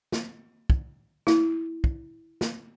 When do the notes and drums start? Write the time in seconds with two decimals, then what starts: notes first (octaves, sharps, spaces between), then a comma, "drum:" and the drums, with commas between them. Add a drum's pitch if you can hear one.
0.12 drum: snare
0.70 drum: kick
1.27 E4, drum: snare
1.84 drum: kick
2.41 drum: snare